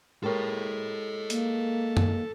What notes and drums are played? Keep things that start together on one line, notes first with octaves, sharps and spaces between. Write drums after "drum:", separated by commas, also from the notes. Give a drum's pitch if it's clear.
G#3 G4 A4 A#4 C#5
A#3, drum: hi-hat
drum: tom F#2